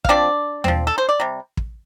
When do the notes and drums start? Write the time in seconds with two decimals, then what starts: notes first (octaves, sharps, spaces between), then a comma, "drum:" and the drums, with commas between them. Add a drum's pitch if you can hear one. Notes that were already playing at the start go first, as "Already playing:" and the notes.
0.05 F5, drum: kick
0.09 F3 C4 D4 D5
0.64 F3 C4, drum: tom D#2
0.87 A4
0.98 C5
1.09 D5
1.20 C3 G3
1.57 drum: kick